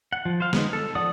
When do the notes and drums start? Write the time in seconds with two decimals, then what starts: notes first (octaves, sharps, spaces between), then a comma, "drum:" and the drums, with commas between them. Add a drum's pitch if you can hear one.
0.13 F#5
0.25 F3
0.40 C5 F5
0.53 G#3 B3 D#4, drum: snare
0.73 A4
0.95 F3 D5 F#5 D#6